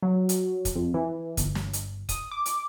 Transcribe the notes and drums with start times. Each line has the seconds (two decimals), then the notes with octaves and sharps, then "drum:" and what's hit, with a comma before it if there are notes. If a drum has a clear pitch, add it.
0.03 F#3
0.29 drum: hi-hat
0.65 drum: kick, hi-hat
0.76 F2
0.94 E3
1.37 G1, drum: kick, hi-hat
1.55 drum: snare
1.73 drum: hi-hat
2.09 D#6, drum: kick, hi-hat
2.32 D6
2.46 drum: hi-hat